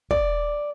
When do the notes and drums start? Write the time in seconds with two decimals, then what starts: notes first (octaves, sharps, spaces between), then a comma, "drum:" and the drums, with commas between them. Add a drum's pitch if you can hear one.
0.11 D5, drum: kick